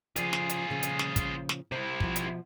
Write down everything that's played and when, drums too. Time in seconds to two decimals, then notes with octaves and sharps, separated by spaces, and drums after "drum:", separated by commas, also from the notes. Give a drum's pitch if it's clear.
0.16 C#3 F3 F4 G#4 D5, drum: hi-hat
0.33 drum: snare
0.49 drum: hi-hat
0.70 A#2 C#3 F3
0.83 drum: hi-hat
0.99 drum: snare
1.16 drum: kick, hi-hat
1.49 drum: snare
1.72 C3 E4 C5
2.00 B2 F3, drum: kick
2.16 drum: hi-hat